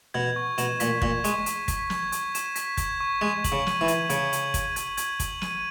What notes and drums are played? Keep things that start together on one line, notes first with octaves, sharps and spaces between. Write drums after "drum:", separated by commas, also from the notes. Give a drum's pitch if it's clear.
B2 G#6
C#6
B2 E7, drum: hi-hat
A#2 B6, drum: hi-hat
A#2 G#6, drum: kick
G#3 C#6, drum: hi-hat
E7, drum: hi-hat
B6, drum: kick, hi-hat
G#6, drum: snare
C#6, drum: hi-hat
E7, drum: hi-hat
B6, drum: hi-hat
G#6, drum: kick, hi-hat
C#6
G#3 G#6
F#7, drum: kick, hi-hat
C#3
D#7, drum: snare
E3
G#6, drum: hi-hat
C#3 G#6, drum: hi-hat
F#7, drum: hi-hat
D#7, drum: kick, hi-hat
G#6, drum: hi-hat
G#6, drum: hi-hat
F#7, drum: kick, hi-hat
D#7, drum: snare